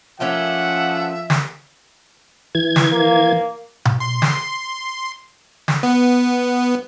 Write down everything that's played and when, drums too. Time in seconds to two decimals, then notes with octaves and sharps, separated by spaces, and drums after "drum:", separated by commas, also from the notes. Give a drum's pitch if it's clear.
0.20 F3 A3 A#3 C#4 E5 F#5
1.30 drum: snare
2.55 E3 G#6
2.76 drum: snare
2.91 A#3
3.85 drum: tom B2
4.00 C6
4.22 drum: snare
5.68 drum: snare
5.83 B3